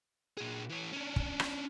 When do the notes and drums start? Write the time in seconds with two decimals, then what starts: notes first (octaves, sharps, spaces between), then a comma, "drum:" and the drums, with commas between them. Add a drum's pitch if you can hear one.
0.37 A#2 G#4
0.69 E3 C#5
0.93 C#4 D4
1.16 drum: kick
1.40 drum: rim click